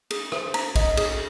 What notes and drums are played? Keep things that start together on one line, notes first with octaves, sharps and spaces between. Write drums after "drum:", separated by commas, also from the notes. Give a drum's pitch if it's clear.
G#4, drum: cymbal
C5, drum: rim click
A#5, drum: cymbal
D#5, drum: kick A#1, cymbal
G#4, drum: cymbal